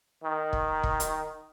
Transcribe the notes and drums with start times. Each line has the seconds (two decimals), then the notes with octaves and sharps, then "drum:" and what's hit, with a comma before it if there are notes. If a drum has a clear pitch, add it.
0.24 D#3
0.53 drum: kick
0.83 drum: kick
1.00 drum: hi-hat